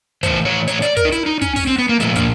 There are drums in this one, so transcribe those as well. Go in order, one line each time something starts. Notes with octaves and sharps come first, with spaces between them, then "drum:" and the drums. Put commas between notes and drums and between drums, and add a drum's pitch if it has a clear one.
A2 E3 C5, drum: kick, hi-hat
C#5
C#5, drum: hi-hat
D5, drum: hi-hat
A#4, drum: kick, hi-hat
D#4
E4, drum: hi-hat
D#4
C#4, drum: kick, hi-hat
C#4, drum: kick, open hi-hat
C4
B3
A#3
A#2 F3 A3, drum: hi-hat
A#3, drum: kick, hi-hat